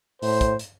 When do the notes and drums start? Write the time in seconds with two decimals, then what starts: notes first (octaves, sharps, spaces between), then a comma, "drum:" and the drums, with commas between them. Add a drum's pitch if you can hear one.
0.22 A2 C5, drum: open hi-hat
0.41 drum: kick, hi-hat
0.59 drum: hi-hat